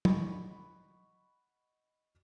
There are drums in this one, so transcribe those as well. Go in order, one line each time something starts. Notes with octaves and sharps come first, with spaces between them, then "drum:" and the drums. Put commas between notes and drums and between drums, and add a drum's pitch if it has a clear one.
D#5 F#5 B5 C#6, drum: tom